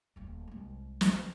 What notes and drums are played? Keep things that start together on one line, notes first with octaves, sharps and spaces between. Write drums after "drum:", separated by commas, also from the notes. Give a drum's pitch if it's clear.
D#1 D2
C2 G#3
drum: snare
D3